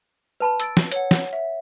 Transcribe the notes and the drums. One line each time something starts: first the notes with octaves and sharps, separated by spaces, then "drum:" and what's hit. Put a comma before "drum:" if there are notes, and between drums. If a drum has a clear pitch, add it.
B4 A5 B5
E6 A6 D7, drum: hi-hat
drum: snare
C#5 F#5, drum: hi-hat
drum: snare
E5